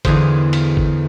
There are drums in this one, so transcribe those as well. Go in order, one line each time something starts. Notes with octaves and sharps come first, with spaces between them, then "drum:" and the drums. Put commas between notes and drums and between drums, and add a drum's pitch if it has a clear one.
E2 D3 G#4 C5, drum: kick G#1, cymbal
drum: cymbal
drum: kick G#1